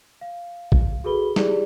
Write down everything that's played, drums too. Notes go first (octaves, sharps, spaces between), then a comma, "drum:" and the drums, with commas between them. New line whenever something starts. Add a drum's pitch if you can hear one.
F5
drum: kick
F#4 G#4 A4 B4 B5 G7
E4 G4 G#4 D5, drum: snare